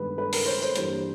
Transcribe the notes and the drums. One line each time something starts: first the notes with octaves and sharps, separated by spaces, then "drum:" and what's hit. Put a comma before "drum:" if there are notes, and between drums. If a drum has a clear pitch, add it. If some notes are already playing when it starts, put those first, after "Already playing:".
Already playing: G2 D#3 G#3 B3 B4
B4
A#4, drum: open hi-hat
C5
C5, drum: tambourine
G2 E3 G3 A#3 C5, drum: hi-hat